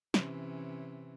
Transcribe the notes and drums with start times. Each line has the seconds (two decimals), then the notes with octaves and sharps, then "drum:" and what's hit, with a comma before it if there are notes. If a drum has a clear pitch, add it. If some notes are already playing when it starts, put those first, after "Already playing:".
0.14 C3 E3 C#4, drum: snare